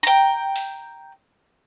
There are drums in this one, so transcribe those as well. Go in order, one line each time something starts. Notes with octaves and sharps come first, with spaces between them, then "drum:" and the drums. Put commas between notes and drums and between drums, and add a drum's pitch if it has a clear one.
G5 A#5, drum: open hi-hat
drum: open hi-hat